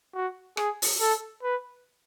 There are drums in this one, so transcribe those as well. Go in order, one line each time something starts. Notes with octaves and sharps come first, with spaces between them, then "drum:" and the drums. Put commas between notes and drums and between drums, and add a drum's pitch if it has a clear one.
F#4
G#4, drum: rim click
drum: open hi-hat
A4
B4